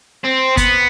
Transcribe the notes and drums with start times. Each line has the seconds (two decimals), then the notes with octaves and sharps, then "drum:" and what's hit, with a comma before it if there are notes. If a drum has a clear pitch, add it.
0.25 C4
0.57 B3, drum: kick G1, hi-hat